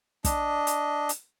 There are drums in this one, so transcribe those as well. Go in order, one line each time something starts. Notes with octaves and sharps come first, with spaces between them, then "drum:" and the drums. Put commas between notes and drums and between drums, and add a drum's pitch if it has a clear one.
D4 D#5, drum: kick, hi-hat
drum: hi-hat
drum: hi-hat